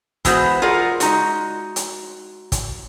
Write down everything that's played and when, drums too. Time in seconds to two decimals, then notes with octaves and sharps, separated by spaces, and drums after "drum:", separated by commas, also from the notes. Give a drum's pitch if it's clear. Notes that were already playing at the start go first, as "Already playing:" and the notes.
0.25 E3 G#3 B3 F#4 C5, drum: kick, hi-hat
0.62 F4 G#4 A#4 D5 F#5
1.00 G#3 D#4 F#4, drum: hi-hat
1.76 drum: hi-hat
2.52 drum: kick, hi-hat